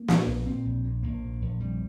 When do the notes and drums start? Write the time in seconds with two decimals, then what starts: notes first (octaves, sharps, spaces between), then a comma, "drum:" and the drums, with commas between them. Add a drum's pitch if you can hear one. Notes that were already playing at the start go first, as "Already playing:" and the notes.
Already playing: A#3
0.08 A#2, drum: snare
0.26 A#1
0.46 A#2 C4
0.65 A#1
0.84 A#2
1.03 A#1 A#3
1.23 A#2
1.42 A#1
1.60 F2 G3